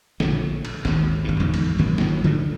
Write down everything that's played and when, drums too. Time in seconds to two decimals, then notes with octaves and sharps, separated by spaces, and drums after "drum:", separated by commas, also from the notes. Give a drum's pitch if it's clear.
0.20 A#1 D3 A3, drum: snare
0.65 drum: cymbal
0.85 G#1 D2, drum: snare
1.24 G#1 G2
1.40 E2 G#2 D3 F#3
1.54 drum: cymbal
1.78 G#1 G#2 F#3 A#3
1.98 drum: snare
2.24 D3 F3 A3